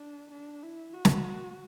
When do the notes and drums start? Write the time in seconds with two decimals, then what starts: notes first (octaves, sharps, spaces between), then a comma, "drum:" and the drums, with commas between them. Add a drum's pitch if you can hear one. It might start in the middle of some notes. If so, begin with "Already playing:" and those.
Already playing: D4
0.31 D4
0.63 E4
0.94 F#4
1.05 drum: snare